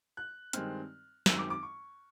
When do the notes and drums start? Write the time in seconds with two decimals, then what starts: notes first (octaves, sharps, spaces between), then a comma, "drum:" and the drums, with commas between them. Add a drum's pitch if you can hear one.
0.17 F#6
0.53 G2 D#3 G#3 C4 F6, drum: hi-hat
1.26 F#2 D#3 G#3 C4 E6, drum: snare
1.39 D6
1.50 D6
1.63 C#6